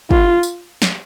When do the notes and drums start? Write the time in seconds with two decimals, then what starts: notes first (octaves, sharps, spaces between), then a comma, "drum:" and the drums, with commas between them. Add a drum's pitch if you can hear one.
0.11 F4, drum: kick
0.43 drum: tambourine
0.82 drum: snare